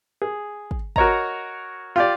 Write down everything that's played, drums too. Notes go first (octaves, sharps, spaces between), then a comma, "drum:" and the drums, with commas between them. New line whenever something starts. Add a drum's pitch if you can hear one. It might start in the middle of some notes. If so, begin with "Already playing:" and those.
G#4
drum: kick
F#4 A#4 C#5 D#5 A#5, drum: kick
F4 G4 D5